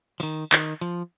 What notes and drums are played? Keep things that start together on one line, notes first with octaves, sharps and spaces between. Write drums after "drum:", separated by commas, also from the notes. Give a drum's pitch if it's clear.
F3, drum: open hi-hat
D#3
D#3, drum: clap
F3, drum: hi-hat